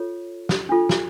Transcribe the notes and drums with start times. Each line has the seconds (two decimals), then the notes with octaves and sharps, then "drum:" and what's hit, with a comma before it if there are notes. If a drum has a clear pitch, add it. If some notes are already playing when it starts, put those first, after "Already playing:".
Already playing: F4 A4 C#5
0.49 drum: snare
0.69 D4 F4 A4
0.89 drum: snare